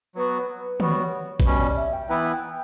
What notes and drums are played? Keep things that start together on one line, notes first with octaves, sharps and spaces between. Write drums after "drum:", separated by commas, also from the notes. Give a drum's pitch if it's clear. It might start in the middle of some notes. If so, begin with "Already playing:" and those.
F#3 B3 F#4 B4
G3 B3 F#4 C#5, drum: tom
B4, drum: kick G#1
B2 G3 C#4 C#5
D5
E5
G5
E3 B3 E4 B4 A#5
G5
F#5
G5